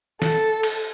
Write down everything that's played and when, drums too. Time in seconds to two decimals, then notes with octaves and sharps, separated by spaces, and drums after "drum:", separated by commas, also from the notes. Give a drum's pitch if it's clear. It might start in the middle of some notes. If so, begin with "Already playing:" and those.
0.22 A4, drum: snare
0.63 drum: cymbal